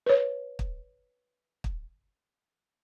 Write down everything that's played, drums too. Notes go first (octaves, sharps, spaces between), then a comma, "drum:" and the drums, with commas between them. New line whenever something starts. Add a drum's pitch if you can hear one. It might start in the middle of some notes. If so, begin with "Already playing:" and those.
B4 C#5
drum: kick
drum: kick